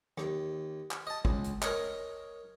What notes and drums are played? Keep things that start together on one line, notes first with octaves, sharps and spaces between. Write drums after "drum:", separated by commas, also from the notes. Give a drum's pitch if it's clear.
D#2, drum: rim click
drum: clap
D#5 A5
C#2, drum: kick
drum: hi-hat
A#4 C#5 D#5, drum: clap